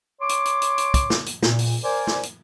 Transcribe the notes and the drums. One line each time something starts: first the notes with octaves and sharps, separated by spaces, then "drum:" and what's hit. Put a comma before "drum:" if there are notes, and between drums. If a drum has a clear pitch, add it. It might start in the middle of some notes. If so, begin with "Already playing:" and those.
C#5 C6 D6
drum: hi-hat
drum: hi-hat
drum: hi-hat
drum: hi-hat
drum: kick, hi-hat
drum: snare
drum: hi-hat
A#2, drum: snare
drum: open hi-hat
A#4 C5 D5 G#5
drum: snare
drum: hi-hat